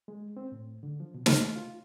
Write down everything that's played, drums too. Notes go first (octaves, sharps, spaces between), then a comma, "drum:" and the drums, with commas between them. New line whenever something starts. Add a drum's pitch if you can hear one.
G#3
C4
A2
D3
F3
B2
F6, drum: snare
A3
F4